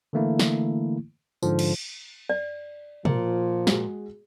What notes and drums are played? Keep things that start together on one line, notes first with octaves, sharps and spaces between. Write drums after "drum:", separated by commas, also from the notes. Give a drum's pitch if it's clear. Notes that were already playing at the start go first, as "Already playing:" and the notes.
D3 E3 A3 A#3 E4
drum: snare
G#2 D3 F3, drum: tambourine
drum: cymbal
D5
A#2 F3, drum: tom B2
G#3 F#4 G#4, drum: snare